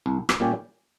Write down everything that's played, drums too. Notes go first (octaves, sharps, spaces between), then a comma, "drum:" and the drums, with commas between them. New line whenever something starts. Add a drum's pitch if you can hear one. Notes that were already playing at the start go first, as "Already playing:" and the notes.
C2
drum: rim click
A#2 G3 C#4 G4